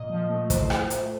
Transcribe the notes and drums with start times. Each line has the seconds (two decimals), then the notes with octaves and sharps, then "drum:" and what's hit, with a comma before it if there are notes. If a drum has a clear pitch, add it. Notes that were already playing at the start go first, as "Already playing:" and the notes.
Already playing: A#2 D#5
0.09 F3
0.30 A3
0.50 A2 C5, drum: kick, hi-hat
0.70 F3, drum: rim click
0.90 A3, drum: hi-hat